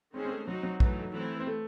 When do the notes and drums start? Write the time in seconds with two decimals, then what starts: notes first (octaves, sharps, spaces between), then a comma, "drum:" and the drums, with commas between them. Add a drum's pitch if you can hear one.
0.13 D#3 G#3 C4 C#4 G#4 C5
0.25 C4
0.30 A3
0.47 F#3 C4 D#4 F#4
0.63 F#3
0.80 E3 A3 D#4, drum: kick
1.13 E3 A3 C4 E4
1.40 C4
1.46 A3